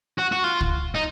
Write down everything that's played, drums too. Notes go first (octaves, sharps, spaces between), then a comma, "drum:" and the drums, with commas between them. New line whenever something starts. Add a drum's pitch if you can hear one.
F#4
F#4
F4
drum: kick
D#4